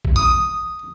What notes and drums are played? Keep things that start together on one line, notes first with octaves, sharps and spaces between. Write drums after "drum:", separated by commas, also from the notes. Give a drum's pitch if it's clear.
drum: kick
D#6